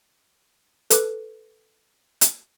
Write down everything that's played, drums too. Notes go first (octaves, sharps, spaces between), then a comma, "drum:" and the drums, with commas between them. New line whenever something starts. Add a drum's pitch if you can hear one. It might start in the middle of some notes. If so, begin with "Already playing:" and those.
A4 B4 D6 F#6, drum: hi-hat
drum: hi-hat